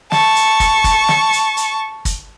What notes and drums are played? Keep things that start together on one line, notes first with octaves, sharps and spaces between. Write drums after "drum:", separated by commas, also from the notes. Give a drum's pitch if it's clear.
A5 C#6, drum: snare
drum: hi-hat
drum: kick, hi-hat
drum: kick, hi-hat
drum: snare
drum: hi-hat
drum: hi-hat
drum: kick, hi-hat